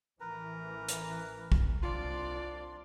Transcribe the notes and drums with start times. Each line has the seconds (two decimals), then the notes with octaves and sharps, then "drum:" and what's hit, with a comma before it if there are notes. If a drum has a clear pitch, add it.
0.20 A1 E3 A#4 B4 A#5
0.89 drum: hi-hat
1.52 drum: kick
1.83 C2 D4 F4 D5 C6